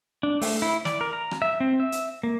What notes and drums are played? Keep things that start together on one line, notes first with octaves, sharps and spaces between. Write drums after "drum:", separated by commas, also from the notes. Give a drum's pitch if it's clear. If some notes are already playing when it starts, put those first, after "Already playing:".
D4
A3, drum: open hi-hat
E4
D5, drum: snare
A#4
A#5
drum: rim click
E5
C4
E5
drum: hi-hat
A#3